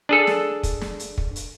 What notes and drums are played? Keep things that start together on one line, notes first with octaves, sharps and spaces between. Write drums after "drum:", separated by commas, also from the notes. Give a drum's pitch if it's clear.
D4 G#4 A4
drum: snare
drum: kick, hi-hat
drum: snare
drum: hi-hat
drum: kick
drum: hi-hat